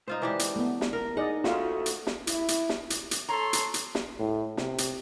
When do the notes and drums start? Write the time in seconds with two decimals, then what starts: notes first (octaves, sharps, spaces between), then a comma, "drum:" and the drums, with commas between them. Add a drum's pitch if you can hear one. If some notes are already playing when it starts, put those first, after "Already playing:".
0.08 C#2 D#4 F4 C5
0.22 E3 D4 G4
0.39 drum: hi-hat
0.56 A3 B3
0.81 drum: snare
0.93 A#4
1.17 D#4 G#4 D5 D#5 F#5
1.44 A3 F4 F#4 F5, drum: snare
1.86 drum: hi-hat
2.07 drum: snare
2.27 E4, drum: hi-hat
2.48 drum: hi-hat
2.69 drum: snare
2.90 drum: hi-hat
3.11 drum: hi-hat
3.29 A4 C#5 A#5 C6
3.53 drum: hi-hat
3.74 drum: hi-hat
3.95 drum: snare
4.19 A2
4.57 C3, drum: snare
4.78 drum: hi-hat